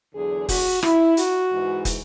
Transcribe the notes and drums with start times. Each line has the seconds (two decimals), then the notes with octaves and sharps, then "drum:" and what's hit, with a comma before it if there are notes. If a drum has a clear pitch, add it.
0.14 E2 D3 F#3 G#4
0.49 F#4, drum: kick, open hi-hat
0.83 E4, drum: rim click
1.17 F#4, drum: hi-hat
1.51 G#2 E3 G#3
1.85 drum: kick, hi-hat